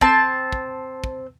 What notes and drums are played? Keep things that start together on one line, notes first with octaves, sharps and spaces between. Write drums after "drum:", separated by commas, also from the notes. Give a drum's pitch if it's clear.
C4 A5, drum: kick
drum: kick
drum: kick